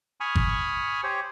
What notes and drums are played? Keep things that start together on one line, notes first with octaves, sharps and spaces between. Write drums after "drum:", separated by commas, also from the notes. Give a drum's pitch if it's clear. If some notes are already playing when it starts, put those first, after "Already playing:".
G#5 B5 C#6 D#6 F6
drum: kick G#1
G4 C5 C#5